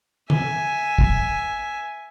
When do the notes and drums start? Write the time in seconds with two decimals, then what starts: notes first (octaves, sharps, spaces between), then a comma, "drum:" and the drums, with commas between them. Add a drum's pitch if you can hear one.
0.30 E5 G#5, drum: tom D3
0.99 drum: kick